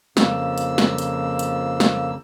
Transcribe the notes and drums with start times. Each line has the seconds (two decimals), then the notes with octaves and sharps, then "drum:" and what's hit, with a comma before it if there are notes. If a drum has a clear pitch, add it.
0.17 F2 C#3 F3 A#3 E6, drum: snare
0.58 drum: hi-hat
0.78 drum: snare
0.98 drum: hi-hat
1.39 drum: hi-hat
1.80 drum: snare